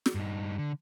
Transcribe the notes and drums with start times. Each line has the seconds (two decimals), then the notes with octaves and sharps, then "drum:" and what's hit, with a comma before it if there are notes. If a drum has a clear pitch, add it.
0.06 drum: snare
0.15 G2 D#4
0.58 D3